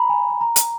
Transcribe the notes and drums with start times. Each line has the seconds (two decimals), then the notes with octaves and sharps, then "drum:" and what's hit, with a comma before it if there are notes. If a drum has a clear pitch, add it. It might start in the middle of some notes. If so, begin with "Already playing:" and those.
Already playing: A#5 B5
0.09 G#5
0.30 B5
0.41 A#5
0.56 drum: hi-hat